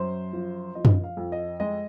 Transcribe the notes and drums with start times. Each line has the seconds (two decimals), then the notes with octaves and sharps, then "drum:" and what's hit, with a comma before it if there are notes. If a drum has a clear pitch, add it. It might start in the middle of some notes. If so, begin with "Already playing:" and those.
Already playing: F#2 C5
0.33 F3
0.75 F3 D#5
0.85 drum: tom F#2
1.03 F5
1.17 F2
1.32 D#5
1.60 G#3 D#5